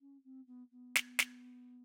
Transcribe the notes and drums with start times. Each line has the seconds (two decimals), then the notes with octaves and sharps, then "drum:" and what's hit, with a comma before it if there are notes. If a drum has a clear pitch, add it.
0.01 C#4
0.24 C4
0.47 B3
0.71 B3
0.95 drum: snare
1.19 drum: snare